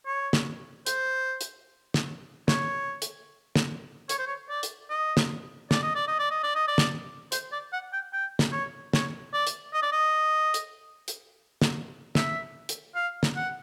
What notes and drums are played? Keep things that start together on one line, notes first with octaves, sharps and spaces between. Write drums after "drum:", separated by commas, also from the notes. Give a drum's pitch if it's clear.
C#5
drum: snare
C5, drum: hi-hat
drum: hi-hat
drum: snare
C#5, drum: snare
drum: hi-hat
drum: snare
C#5, drum: hi-hat
C5
C#5
D5
drum: hi-hat
D#5
drum: snare
D5, drum: snare
D#5
D5
D#5
D5
D#5
D5
D#5
D5
drum: snare
C5, drum: hi-hat
D5
F#5
G5
G5
drum: snare
C#5
C#5, drum: snare
D5
drum: hi-hat
D#5
D5
D#5
drum: hi-hat
drum: hi-hat
drum: snare
E5, drum: snare
drum: hi-hat
F5
drum: snare
F#5